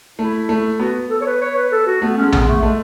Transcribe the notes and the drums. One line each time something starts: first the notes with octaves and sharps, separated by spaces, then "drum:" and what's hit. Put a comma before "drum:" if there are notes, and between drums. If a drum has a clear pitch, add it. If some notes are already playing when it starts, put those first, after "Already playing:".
A3 E4
A3
B3 F#4
A4
C#5
B4
C#5
B4
A4
F#4
A3 B3
C#4
G#3
B3, drum: tom
G#3
A3
G#3 A3